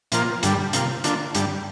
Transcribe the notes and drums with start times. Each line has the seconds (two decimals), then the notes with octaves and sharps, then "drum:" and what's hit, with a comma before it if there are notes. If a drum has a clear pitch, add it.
0.12 A#2 F3 A#3 F4, drum: hi-hat
0.43 G2 D3 G3, drum: hi-hat
0.73 C3 A#3 F4, drum: hi-hat
1.04 D3 A#3 D4 F4, drum: hi-hat
1.35 G2 D3 G3, drum: hi-hat